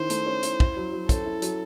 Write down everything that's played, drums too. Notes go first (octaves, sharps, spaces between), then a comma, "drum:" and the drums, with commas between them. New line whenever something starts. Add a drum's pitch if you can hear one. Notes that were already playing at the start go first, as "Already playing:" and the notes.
Already playing: D#3 C#4 E4 C5
A3, drum: hi-hat
C#4
E4, drum: hi-hat
E4, drum: kick
F#3
F#3
C#4 A4, drum: kick, hi-hat
E4
F#3, drum: hi-hat